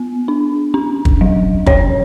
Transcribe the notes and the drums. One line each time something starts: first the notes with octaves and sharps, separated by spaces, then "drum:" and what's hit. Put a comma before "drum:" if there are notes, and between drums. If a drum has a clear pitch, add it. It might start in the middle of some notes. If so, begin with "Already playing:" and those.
Already playing: B3
D4
C#4
drum: kick
F#3
C#4 C#5, drum: kick